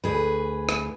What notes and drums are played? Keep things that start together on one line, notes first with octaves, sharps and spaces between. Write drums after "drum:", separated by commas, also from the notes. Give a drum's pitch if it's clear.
D2 G#4 B4
drum: rim click